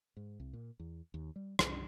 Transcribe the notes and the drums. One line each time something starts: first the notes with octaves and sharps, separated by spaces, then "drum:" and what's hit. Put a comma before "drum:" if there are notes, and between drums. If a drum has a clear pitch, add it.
G#2
C2
A#2
E2
D#2
G3
C2, drum: rim click